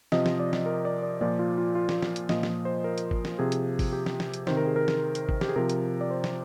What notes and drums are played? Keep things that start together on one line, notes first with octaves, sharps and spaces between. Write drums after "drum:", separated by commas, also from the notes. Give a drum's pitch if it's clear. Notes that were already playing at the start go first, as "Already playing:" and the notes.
C3 F3 D#5, drum: snare
drum: snare
D5
drum: snare
A#4
D5
D5
A#2 F3 D5
F4
F4
F4
drum: snare
drum: snare
drum: hi-hat
A#2 F3 D#5, drum: snare
drum: snare
C5
A#4
drum: hi-hat
drum: kick G#1
drum: snare
C3 F3 G#4
drum: hi-hat
drum: kick G#1, open hi-hat
G4
drum: snare
drum: snare
drum: hi-hat
C3 D#3 C5, drum: snare
A#4
G#4
A#4
drum: snare
drum: hi-hat
drum: kick G#1
G4, drum: snare
G#4
C3 F3 A#4
drum: hi-hat
D5
C5
drum: snare